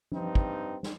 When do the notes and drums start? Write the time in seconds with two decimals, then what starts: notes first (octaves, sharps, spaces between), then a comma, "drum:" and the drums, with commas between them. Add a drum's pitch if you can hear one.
0.12 G2 C4 D#4, drum: tom
0.35 drum: kick
0.83 drum: snare